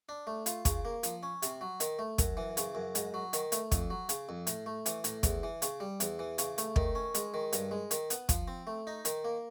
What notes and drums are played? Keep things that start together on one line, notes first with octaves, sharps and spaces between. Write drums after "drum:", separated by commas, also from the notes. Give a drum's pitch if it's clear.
D4
A3
F4, drum: hi-hat
C#3, drum: kick, hi-hat
A#3
F3, drum: hi-hat
C#4
C3, drum: hi-hat
F#3
D#3, drum: hi-hat
A3
F#2, drum: kick, hi-hat
E3
C#3, drum: hi-hat
F#2
G#2, drum: hi-hat
F#3
D#3, drum: hi-hat
A3, drum: hi-hat
F2, drum: kick, hi-hat
F#3
C#3, drum: hi-hat
F2
A2, drum: hi-hat
A3
E3, drum: hi-hat
A2, drum: hi-hat
E2, drum: kick, hi-hat
E3
C#3, drum: hi-hat
G3
E2, drum: hi-hat
E3
C#3, drum: hi-hat
A3, drum: hi-hat
D#3, drum: kick
C#4
G#3, drum: hi-hat
D#3
G2, drum: hi-hat
G#3
D#3, drum: hi-hat
B3, drum: hi-hat
F3, drum: kick, hi-hat
C4
A3
D#4
D#3, drum: hi-hat
A#3